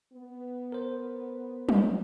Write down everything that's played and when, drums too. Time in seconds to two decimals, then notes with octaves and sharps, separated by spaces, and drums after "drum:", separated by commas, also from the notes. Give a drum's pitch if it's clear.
0.13 B3
0.72 A#4 C5
1.69 drum: tom